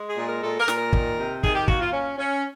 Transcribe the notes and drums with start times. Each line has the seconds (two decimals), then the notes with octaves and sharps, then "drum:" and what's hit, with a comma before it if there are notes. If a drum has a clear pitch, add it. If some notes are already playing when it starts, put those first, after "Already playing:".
Already playing: G#3
0.10 G#4
0.17 A#2
0.27 A#4
0.43 A#2 A4
0.60 A#4
0.68 A#2, drum: snare
0.77 A#4
0.93 D#3, drum: kick
1.18 C3
1.43 D#3 G#4, drum: kick
1.55 G4
1.68 A#3 F#4, drum: kick
1.80 F4
1.92 C#4
2.18 C#4